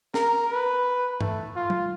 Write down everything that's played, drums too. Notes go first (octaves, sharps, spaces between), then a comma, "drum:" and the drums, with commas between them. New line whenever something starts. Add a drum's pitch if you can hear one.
A#4, drum: snare
B4
A3, drum: tom G2
F4
drum: tom